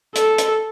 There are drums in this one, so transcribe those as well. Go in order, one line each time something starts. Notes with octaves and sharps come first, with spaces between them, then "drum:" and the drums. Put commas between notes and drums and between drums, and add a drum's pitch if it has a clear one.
A4, drum: hi-hat
drum: hi-hat